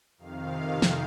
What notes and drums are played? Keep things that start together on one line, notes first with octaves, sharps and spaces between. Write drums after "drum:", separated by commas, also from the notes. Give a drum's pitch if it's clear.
F2 C3 D#3 F5
drum: snare